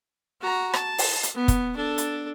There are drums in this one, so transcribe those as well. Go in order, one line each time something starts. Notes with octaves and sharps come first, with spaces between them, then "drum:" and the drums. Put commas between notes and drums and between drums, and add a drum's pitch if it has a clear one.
F#4 A#5
A5, drum: rim click
drum: open hi-hat
drum: hi-hat
B3
drum: kick, hi-hat
D4 A4
drum: hi-hat